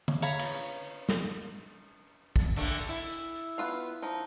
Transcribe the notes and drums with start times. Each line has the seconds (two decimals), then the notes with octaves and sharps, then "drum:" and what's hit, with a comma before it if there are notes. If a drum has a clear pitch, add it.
0.08 drum: tom D3
0.22 C#5 F5 A#5 B5
0.39 drum: cymbal
1.09 drum: snare
2.36 drum: kick
2.56 D3 A3 A#3, drum: open hi-hat
2.89 E4
3.58 B3 F4 F5
4.02 F3 D#4